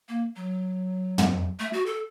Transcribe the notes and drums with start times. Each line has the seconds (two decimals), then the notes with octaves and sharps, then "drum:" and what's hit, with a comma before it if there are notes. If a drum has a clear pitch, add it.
0.09 A#3
0.36 F#3
1.18 drum: tom
1.59 A3
1.73 F#4
1.86 A4